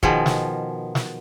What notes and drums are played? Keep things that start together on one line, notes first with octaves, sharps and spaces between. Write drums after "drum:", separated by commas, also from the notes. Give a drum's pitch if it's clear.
B2 D#3 F3 G#4, drum: kick
drum: snare
drum: snare